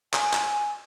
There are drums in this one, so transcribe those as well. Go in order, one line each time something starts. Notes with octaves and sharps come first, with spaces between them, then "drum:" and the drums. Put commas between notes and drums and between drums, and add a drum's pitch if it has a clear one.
G#5, drum: clap
drum: clap